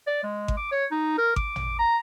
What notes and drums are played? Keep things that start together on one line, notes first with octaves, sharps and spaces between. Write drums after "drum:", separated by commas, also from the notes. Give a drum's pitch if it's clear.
D5
G#3
drum: kick G#1
D6
C#5
D#4
A#4
D6, drum: kick G#1
drum: tom
A#5